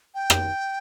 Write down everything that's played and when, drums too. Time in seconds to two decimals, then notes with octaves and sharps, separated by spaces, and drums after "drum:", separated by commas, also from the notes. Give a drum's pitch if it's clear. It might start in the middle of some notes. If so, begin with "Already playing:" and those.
0.15 G5
0.30 drum: rim click